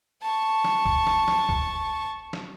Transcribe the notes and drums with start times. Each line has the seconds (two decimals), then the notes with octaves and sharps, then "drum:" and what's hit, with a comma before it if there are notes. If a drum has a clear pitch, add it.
0.22 A5 C#6
0.64 drum: snare
0.86 drum: kick
1.07 drum: snare
1.28 drum: snare
1.49 drum: kick
2.33 drum: snare